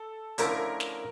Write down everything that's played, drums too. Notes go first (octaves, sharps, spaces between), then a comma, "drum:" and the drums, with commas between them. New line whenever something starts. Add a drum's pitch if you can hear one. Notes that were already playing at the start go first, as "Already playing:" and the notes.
Already playing: A4
D3 F3 A3 C#4 E4 A#4, drum: hi-hat
drum: snare